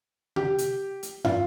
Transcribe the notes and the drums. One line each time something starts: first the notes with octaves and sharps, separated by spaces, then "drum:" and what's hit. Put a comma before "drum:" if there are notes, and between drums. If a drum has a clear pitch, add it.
G4, drum: tom C3
drum: hi-hat
drum: hi-hat
F4, drum: tom